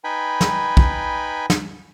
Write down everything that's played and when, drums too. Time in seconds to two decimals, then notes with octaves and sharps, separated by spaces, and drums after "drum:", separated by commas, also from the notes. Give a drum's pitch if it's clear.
0.04 D#4 B4 G5 G#5 B5
0.41 drum: snare
0.77 drum: kick
1.50 drum: snare